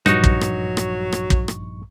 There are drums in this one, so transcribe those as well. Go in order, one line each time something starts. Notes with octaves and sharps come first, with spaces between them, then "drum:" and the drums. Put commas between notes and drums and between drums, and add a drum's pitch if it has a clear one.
A#1 G2 F#3 D#4 F#4 C#6, drum: rim click
drum: kick
drum: rim click
drum: rim click
drum: rim click
drum: kick
drum: rim click